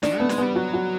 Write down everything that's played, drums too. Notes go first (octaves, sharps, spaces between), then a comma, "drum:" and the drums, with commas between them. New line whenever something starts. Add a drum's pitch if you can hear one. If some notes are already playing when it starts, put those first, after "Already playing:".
D#3 D4, drum: snare D#4
A3 B3
G#3, drum: snare D#4
G3 B3
F#3 F#4
F#4